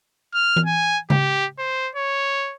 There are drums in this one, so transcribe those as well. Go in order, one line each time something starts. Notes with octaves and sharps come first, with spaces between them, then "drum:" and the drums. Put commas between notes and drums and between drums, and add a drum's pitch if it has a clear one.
F6
drum: tom E3
G#5
G4, drum: tom C#3
C5
C#5